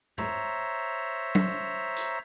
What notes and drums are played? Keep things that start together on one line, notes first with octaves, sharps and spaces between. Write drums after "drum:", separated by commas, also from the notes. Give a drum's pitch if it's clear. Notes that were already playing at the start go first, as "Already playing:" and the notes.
C5 C#5 E5 A#5, drum: tom
drum: tom
drum: hi-hat